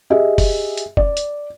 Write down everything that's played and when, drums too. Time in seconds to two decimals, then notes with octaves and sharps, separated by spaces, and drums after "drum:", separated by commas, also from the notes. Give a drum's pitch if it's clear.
0.10 G4 G#4 D#5 E5
0.38 drum: kick, open hi-hat
0.77 drum: hi-hat
0.97 D5, drum: kick
1.17 drum: hi-hat